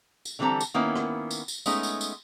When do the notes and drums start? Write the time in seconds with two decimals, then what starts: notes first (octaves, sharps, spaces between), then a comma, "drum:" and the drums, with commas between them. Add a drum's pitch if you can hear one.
0.25 drum: tambourine
0.39 D3 E3 G3 C4 A4 A#5
0.60 drum: tambourine
0.74 D#3 A#3 B3 C#4 E4
0.96 drum: rim click
1.31 drum: tambourine
1.48 drum: tambourine
1.66 G#3 A3 B3 C#4 D#4, drum: tambourine
1.83 drum: tambourine
2.01 drum: tambourine